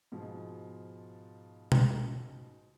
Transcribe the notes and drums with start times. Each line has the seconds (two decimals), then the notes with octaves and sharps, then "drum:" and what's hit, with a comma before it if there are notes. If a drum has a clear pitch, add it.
0.12 G#2 B2 F3
1.72 drum: tom B2